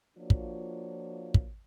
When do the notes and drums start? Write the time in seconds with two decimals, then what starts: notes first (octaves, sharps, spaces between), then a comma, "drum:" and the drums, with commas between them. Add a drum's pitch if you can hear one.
0.17 F3 A#3 D4 F4 F#4 C#5
0.30 drum: kick
1.34 drum: kick